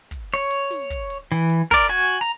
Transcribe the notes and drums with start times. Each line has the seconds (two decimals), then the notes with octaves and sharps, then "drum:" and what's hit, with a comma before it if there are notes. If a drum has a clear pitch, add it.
0.11 drum: kick, hi-hat
0.34 C#5, drum: hi-hat
0.51 drum: hi-hat
0.70 drum: snare
0.90 drum: kick
1.10 drum: hi-hat
1.32 E3, drum: open hi-hat
1.50 drum: hi-hat
1.71 A#4 D5, drum: kick, hi-hat
1.89 F#4 G#5, drum: hi-hat
2.09 drum: hi-hat
2.21 A#5